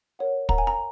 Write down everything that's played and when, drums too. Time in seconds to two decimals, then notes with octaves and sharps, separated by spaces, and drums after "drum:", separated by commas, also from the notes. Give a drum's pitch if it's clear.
0.19 A#4 C#5 F#5
0.49 A#4 C#5 F#5 A#5, drum: kick
0.58 G#5
0.67 A#5